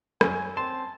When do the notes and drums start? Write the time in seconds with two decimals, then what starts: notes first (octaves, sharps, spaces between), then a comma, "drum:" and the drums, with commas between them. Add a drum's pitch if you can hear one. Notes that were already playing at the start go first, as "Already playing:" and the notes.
0.21 F#2 G#5, drum: rim click
0.57 C4 A5 C6